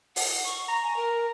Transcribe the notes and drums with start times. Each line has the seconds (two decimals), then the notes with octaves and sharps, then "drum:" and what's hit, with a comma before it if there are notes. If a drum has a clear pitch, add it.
0.16 F#5, drum: open hi-hat
0.44 C#6
0.69 A#5
0.82 G#5
0.96 A#4